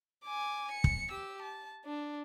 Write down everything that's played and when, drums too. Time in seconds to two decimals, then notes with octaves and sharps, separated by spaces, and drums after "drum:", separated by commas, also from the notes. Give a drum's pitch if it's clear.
0.24 G#5 D6
0.72 C#7
0.84 drum: kick
1.09 G4 E6
1.43 A5
1.85 D4